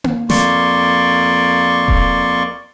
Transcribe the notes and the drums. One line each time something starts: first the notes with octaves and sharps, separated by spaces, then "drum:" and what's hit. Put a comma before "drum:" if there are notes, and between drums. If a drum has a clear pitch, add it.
drum: tom A#3
F2 A#3 D5 C6 C#6, drum: snare
drum: kick D#1